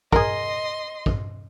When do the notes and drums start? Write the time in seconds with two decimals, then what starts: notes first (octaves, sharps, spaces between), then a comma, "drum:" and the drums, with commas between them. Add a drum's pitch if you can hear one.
0.13 G#4 A#4 D#5 C6, drum: kick
1.06 drum: kick